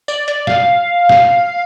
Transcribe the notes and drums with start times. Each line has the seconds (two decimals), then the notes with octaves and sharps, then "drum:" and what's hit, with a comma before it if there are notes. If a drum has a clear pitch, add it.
0.08 D5, drum: tambourine
0.28 D5, drum: hi-hat
0.47 F5, drum: snare
1.09 drum: snare